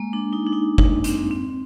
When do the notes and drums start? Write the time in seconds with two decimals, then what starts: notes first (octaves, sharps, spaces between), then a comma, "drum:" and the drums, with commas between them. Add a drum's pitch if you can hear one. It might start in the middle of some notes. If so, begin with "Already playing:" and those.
Already playing: G#3 A#3
0.13 D4
0.33 D#4
0.46 D4
0.53 D#4
0.78 D4, drum: kick G1
1.04 C4, drum: hi-hat
1.31 C4